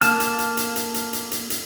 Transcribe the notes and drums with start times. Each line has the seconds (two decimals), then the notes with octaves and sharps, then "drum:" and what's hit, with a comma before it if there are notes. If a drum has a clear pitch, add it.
0.01 A#3 A5 F6, drum: hi-hat
0.20 drum: hi-hat
0.39 drum: hi-hat
0.57 drum: hi-hat
0.76 drum: hi-hat
0.94 drum: hi-hat
1.13 drum: hi-hat
1.31 drum: hi-hat
1.50 drum: hi-hat